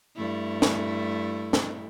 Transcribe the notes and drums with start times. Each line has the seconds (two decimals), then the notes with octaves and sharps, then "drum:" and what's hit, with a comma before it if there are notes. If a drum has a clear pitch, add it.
0.16 G2 A3 E4
0.62 drum: snare
1.53 drum: snare